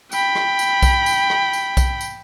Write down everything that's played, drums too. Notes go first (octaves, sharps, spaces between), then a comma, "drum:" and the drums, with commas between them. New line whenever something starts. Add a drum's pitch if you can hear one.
G5 B5, drum: tambourine
drum: rim click
drum: tambourine
drum: kick B1, tambourine
drum: tambourine
drum: rim click
drum: tambourine
drum: kick B1, tambourine
drum: tambourine